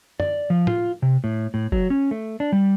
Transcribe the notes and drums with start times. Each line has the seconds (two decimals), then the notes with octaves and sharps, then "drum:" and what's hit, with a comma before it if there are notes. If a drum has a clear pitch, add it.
0.20 D5, drum: tom
0.50 F3
0.67 F4, drum: tom
1.02 C3
1.24 A2
1.54 A2
1.72 F#3, drum: kick F#1
1.90 C#4
2.11 A3
2.40 D4
2.52 G3